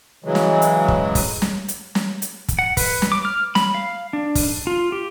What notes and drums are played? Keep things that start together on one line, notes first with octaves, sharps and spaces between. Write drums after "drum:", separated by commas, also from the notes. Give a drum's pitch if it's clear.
C#3 E3 F#3 G#3
drum: snare
drum: hi-hat
drum: kick
drum: kick, open hi-hat
drum: snare
drum: hi-hat
drum: snare
drum: hi-hat
drum: kick, hi-hat
F#5
B4, drum: kick, open hi-hat
drum: snare
D6
F6
B5, drum: snare
F5
D4
drum: kick, open hi-hat
F4
G4